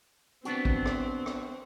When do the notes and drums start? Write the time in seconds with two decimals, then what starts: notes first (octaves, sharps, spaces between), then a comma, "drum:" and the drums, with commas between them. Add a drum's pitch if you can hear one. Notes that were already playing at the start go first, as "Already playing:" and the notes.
0.45 B3 C4 D4 F#4, drum: hi-hat
0.65 drum: kick
0.85 drum: rim click
1.26 drum: rim click